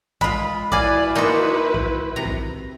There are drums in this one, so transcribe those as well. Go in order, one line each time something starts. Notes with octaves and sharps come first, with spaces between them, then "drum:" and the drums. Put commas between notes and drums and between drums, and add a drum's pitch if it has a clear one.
G#3 F4 B5, drum: kick
E4 F#4 B4 D5 F5 G#5, drum: kick
A#3 D#4 C5 C#6
drum: kick
C3 A#5
drum: kick